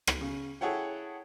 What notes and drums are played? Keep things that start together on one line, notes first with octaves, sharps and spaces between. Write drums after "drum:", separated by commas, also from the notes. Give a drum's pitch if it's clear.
drum: rim click
C#3
E4 G#4 A4 C#5 F#5 G5